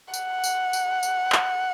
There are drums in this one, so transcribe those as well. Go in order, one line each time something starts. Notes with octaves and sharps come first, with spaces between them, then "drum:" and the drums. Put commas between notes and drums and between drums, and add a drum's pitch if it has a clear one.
F#5, drum: tambourine
drum: tambourine
drum: tambourine
drum: tambourine
drum: clap